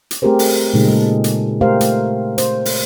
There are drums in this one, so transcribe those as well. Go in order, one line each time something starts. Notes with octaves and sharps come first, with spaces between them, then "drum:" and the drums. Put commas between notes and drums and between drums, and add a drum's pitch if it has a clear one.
drum: hi-hat
A3 C4 G4 G#4 A#4 C5
drum: open hi-hat
A#2 C#3 G#3 D#4
G#3 A4
drum: hi-hat
A3 G4 A#4 C5 F5
A3, drum: hi-hat
C5, drum: hi-hat
drum: open hi-hat